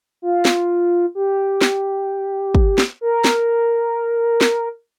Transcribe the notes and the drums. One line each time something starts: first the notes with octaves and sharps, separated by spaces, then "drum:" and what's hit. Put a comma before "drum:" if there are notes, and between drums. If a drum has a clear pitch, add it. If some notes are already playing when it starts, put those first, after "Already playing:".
F4
drum: snare
G4
drum: snare
drum: kick
drum: snare
A#4
drum: snare
drum: snare